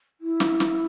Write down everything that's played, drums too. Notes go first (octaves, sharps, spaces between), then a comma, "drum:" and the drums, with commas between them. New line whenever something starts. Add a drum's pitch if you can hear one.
E4
drum: snare
drum: snare